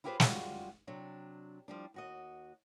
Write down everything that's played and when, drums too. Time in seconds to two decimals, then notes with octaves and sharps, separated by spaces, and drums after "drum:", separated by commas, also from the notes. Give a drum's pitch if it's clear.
0.04 E4 F4 G4 G#4 B4 C5
0.20 F#2 G3 G#3 F4 F#4, drum: snare
0.87 C3 F#3 D4
1.68 F3 G3 D4
1.94 D#2 F#4 D#5